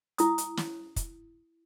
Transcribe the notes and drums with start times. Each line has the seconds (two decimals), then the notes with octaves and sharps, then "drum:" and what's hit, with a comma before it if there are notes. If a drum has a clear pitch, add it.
0.18 E4 D#6, drum: hi-hat
0.38 drum: hi-hat
0.57 drum: snare
0.96 drum: kick, hi-hat